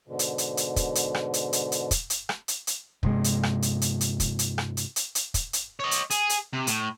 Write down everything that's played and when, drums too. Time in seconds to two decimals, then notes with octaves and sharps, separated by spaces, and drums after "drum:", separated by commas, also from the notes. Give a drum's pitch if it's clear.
0.08 G#2 B2 D3
0.19 drum: hi-hat
0.38 drum: hi-hat
0.57 drum: hi-hat
0.76 drum: kick, hi-hat
0.95 drum: hi-hat
1.14 drum: rim click
1.34 drum: hi-hat
1.53 drum: hi-hat
1.72 drum: hi-hat
1.91 drum: kick, hi-hat
2.10 drum: hi-hat
2.29 drum: rim click
2.48 drum: hi-hat
2.67 drum: hi-hat
3.03 G2 C3 G#3, drum: kick
3.24 drum: hi-hat
3.43 drum: rim click
3.62 drum: hi-hat
3.82 drum: hi-hat
4.01 drum: hi-hat
4.20 drum: kick, hi-hat
4.39 drum: hi-hat
4.58 drum: rim click
4.77 drum: hi-hat
4.96 drum: hi-hat
5.15 drum: hi-hat
5.34 drum: kick, hi-hat
5.53 drum: hi-hat
5.80 C#5 D#5
5.91 drum: hi-hat
6.10 G#4, drum: hi-hat
6.29 drum: hi-hat
6.53 C3
6.67 A2, drum: hi-hat